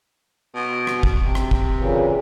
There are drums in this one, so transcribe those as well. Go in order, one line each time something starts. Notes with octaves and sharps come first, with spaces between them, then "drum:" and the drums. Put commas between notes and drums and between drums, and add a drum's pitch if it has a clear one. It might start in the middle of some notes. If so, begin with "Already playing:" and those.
B2
drum: rim click
drum: kick
C3
drum: rim click
drum: kick
A#2 C#3 E3